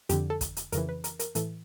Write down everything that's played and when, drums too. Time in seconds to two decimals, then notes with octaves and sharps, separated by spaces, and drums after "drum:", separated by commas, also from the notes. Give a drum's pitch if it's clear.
0.09 F2 D3 G4, drum: hi-hat
0.30 A4
0.41 drum: kick, hi-hat
0.57 drum: hi-hat
0.72 F2 C#3 E3 A#4, drum: hi-hat
0.89 B4
1.04 A#4, drum: hi-hat
1.19 A#4, drum: hi-hat
1.35 A2 E3 A4, drum: hi-hat